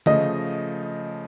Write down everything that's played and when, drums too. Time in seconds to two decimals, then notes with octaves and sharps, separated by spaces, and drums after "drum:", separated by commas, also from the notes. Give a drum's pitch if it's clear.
0.06 C#3 F3 A3 D#5, drum: tom D3